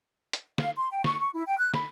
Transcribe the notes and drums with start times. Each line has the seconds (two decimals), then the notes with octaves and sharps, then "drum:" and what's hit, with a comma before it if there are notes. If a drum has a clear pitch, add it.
0.33 drum: hi-hat
0.58 F5, drum: snare
0.75 C6
0.90 G5
1.04 C#6, drum: snare
1.19 C#6
1.33 E4
1.47 G5
1.59 F#6
1.74 B5, drum: snare